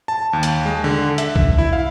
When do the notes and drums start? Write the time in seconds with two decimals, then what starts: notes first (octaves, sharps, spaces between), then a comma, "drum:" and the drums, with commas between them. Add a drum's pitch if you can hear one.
0.08 A5
0.33 D#2
0.43 drum: hi-hat
0.66 G#3
0.84 D3
1.18 E5, drum: hi-hat
1.36 drum: kick B1
1.58 E4
1.73 F5